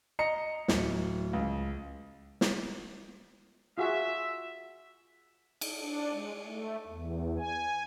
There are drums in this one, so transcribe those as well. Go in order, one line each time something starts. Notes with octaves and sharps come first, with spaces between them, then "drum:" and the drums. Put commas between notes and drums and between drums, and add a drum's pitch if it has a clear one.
D#5 A#5 C#7
D1, drum: snare
C#2
drum: snare
F4 F#4 G#4 E5
drum: cymbal
D4
G#3
A3
E2
G#5